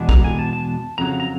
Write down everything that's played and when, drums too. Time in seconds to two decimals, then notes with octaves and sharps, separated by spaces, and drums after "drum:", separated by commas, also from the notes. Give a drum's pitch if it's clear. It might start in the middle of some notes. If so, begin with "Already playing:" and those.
Already playing: E2 B2 G#3 B3 D4
0.09 A#5, drum: kick
0.24 G#5
0.39 A5
0.53 A5
0.98 F2 C#3 F#3 A#5
1.20 A#5